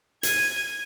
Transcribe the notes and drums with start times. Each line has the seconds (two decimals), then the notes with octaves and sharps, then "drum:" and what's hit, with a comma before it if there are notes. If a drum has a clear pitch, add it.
0.23 G#6 D#7, drum: hi-hat